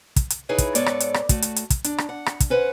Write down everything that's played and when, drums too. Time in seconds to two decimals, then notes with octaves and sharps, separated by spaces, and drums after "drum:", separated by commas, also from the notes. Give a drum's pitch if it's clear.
0.16 drum: kick, hi-hat
0.30 drum: hi-hat
0.49 D#4 E4 G#4 B4 C#5
0.58 drum: kick, hi-hat
0.75 G#2 B3 A4 C#5 D5, drum: hi-hat
0.86 drum: rim click
1.00 drum: hi-hat
1.14 drum: rim click
1.29 A3 F#4, drum: kick, hi-hat
1.42 drum: hi-hat
1.56 drum: hi-hat
1.70 drum: kick, hi-hat
1.84 D4, drum: hi-hat
1.98 drum: rim click
2.09 F#5
2.26 drum: rim click
2.40 drum: kick, hi-hat
2.50 C#4 B4 C5 F#5